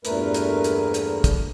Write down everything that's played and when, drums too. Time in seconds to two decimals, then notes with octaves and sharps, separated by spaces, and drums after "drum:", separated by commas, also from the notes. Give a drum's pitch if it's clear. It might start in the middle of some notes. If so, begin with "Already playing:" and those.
0.05 E2 G2 A#2 A3 A#4 B4, drum: hi-hat
0.34 drum: hi-hat
0.64 drum: hi-hat
0.94 drum: hi-hat
1.24 drum: kick, hi-hat